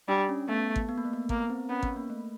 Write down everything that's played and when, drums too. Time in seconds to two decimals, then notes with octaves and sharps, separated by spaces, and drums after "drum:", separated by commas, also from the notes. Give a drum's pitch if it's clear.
0.08 G3 D4
0.29 C#4
0.48 A3 B3
0.76 drum: kick
0.89 B3
0.98 A#3
1.05 A3
1.13 A#3
1.29 A#3 B3, drum: kick
1.50 C4
1.70 B3 C#4
1.83 B3, drum: kick
1.96 A#3
2.10 A3